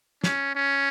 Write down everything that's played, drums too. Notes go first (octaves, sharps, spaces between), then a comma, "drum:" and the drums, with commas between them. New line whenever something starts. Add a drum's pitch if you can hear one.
C#4, drum: snare
C#4